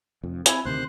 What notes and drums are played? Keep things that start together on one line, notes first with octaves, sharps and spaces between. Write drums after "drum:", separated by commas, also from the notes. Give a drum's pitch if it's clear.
F1 F2
C4 E4 G#5, drum: hi-hat
D2 C3 D#3 C5 C6 F#6